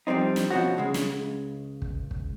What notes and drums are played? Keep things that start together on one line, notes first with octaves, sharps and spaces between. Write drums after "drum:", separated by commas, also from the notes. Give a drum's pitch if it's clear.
F3 G3 A3 C4 D#4
drum: snare
B2 F3 C#4 F#4
C#2 C#3 G#3
drum: snare
drum: kick
drum: kick